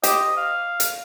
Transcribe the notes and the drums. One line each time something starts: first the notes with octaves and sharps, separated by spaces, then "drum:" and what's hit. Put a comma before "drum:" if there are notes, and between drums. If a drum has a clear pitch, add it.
G4 C5 D#5, drum: hi-hat
F5
drum: hi-hat